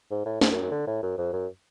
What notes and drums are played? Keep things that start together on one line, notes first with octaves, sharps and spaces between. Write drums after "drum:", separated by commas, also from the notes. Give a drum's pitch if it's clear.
G#2
A2
G#2, drum: snare
F#2
F#2
D3
A2
F#2
F2
F#2